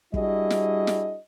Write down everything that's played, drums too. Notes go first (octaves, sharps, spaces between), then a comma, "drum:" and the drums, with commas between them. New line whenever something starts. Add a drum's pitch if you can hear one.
G3 D4 E4 F#4 G#4 D#5, drum: kick
drum: snare
drum: snare